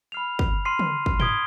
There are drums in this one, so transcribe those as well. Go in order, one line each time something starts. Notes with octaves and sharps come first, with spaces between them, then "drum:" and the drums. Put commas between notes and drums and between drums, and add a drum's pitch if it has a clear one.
B5 F6 C7 F7
drum: kick
C6 F6 C7 D#7
drum: tom
drum: kick
D#6 G#6 B6 D7 G7, drum: tom